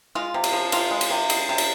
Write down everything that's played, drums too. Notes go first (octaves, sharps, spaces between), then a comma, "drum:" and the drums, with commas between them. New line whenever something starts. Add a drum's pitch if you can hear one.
G#3 F4
C3
drum: cymbal
F3
C3 F4, drum: cymbal
G#3
drum: cymbal
C3
G#3, drum: cymbal
C3
drum: cymbal